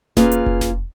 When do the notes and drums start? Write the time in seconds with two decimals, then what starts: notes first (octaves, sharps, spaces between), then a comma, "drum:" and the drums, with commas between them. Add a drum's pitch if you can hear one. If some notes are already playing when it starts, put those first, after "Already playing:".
0.17 A#3 C#4 F4 G#4 B4, drum: snare E1
0.32 drum: hi-hat
0.46 drum: kick F1
0.61 drum: snare E1